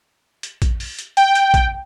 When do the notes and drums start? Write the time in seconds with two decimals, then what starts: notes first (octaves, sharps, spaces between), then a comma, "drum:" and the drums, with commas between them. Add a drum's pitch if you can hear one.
0.43 drum: hi-hat
0.62 drum: kick, hi-hat
0.80 drum: open hi-hat
0.99 drum: hi-hat
1.17 G5, drum: hi-hat
1.35 drum: hi-hat
1.54 drum: kick, hi-hat